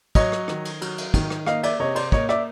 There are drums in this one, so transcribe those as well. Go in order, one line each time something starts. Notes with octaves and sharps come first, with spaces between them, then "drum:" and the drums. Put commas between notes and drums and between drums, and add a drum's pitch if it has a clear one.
F#3 C#5 D#5, drum: kick, cymbal
drum: rim click
D#3, drum: rim click
drum: cymbal
F#3, drum: cymbal
drum: cymbal
D#3, drum: kick, cymbal
drum: rim click
A#3 D#5 F5, drum: rim click
D5 E5, drum: cymbal
C3 C#5 D#5
C5 D5, drum: cymbal
A#3 C#5 D#5, drum: kick
D5 E5, drum: rim click